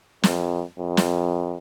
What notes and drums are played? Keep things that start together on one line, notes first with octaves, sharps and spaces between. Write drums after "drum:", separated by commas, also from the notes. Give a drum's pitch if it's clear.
F2, drum: snare
F2
drum: snare